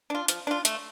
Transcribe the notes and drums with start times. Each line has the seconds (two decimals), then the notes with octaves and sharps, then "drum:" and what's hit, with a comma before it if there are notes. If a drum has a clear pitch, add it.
0.10 D4 F4
0.28 F3, drum: hi-hat
0.47 D4 F4
0.65 A3, drum: hi-hat